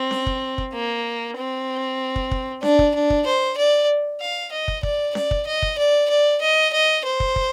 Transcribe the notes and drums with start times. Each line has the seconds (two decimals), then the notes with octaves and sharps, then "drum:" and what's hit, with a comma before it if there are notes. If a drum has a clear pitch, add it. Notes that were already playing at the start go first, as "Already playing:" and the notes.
Already playing: C4
0.11 drum: snare C#4
0.27 drum: kick
0.58 drum: kick
0.73 A#3
1.37 C4
2.16 drum: kick
2.31 drum: kick
2.63 D4, drum: snare C#4
2.79 drum: kick
2.95 D4
3.10 drum: kick
3.26 C5
3.58 D5
4.21 F5
4.52 D#5
4.68 drum: kick
4.83 D5, drum: kick
5.15 D5, drum: snare C#4
5.31 drum: kick
5.47 D#5
5.62 drum: kick
5.78 D5
6.10 D5
6.41 D#5
6.73 D#5
7.05 C5
7.20 drum: kick
7.36 drum: kick